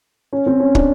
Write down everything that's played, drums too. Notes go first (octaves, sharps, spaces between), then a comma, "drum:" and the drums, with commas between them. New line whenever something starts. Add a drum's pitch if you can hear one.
C#4
C4
C#4
D4, drum: kick